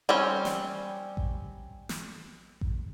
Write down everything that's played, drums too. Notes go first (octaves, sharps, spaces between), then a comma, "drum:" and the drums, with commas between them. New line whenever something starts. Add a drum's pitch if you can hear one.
G3 C4 C#4
drum: snare
drum: kick A1
drum: snare
drum: kick A1